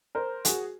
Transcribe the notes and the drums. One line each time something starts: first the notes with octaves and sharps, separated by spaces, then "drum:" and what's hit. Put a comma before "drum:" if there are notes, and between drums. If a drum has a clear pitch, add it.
A#4 C5
F#4 G#4, drum: hi-hat